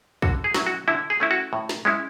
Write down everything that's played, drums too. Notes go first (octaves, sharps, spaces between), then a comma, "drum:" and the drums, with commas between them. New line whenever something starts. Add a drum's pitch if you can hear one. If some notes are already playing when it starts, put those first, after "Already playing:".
D3 F#4, drum: kick
G#4
F#3 C#4 E4, drum: snare
F#4
D3 E4
G#4
A3 C#4 E4
F#4
A2
drum: snare
G#3 C#4 E4